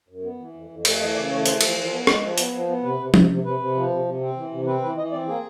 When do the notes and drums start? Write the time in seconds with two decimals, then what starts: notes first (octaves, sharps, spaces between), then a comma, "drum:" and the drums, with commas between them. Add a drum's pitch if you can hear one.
0.08 F#2
0.23 B3
0.39 E3
0.54 F2
0.69 F2
0.85 A3, drum: cymbal
1.00 E3 D#5
1.15 C#3 D5
1.30 A3 C#5
1.46 E3 C5, drum: hi-hat
1.61 F3, drum: cymbal
1.77 F3
1.91 B3
2.07 G#3, drum: rim click
2.22 F3
2.38 B3, drum: hi-hat
2.53 F3
2.67 B3
2.83 C3 B4
2.99 C3
3.14 C3, drum: tom F3
3.30 C3
3.44 C3 B4
3.59 C3
3.75 F3
3.90 C3
4.05 C3
4.21 C4
4.36 E3
4.51 C3
4.66 C4 B4
4.82 E3 B4
4.98 E3 D#5
5.12 C4 D5
5.28 A#3 G#4